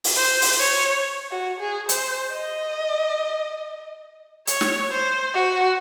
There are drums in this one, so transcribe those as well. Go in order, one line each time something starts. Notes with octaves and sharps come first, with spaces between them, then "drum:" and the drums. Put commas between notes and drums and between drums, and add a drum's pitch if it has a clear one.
drum: open hi-hat
C5
drum: open hi-hat
C#5
F#4
G#4
C5, drum: hi-hat
D#5
C#5, drum: hi-hat
drum: snare
C5
F#4